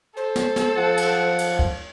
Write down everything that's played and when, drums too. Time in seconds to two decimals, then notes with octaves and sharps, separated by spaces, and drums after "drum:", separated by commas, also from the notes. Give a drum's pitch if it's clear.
0.17 A4 C5
0.36 drum: snare
0.56 drum: snare
0.77 F3 F#5
0.97 drum: cymbal
1.39 drum: cymbal
1.59 drum: kick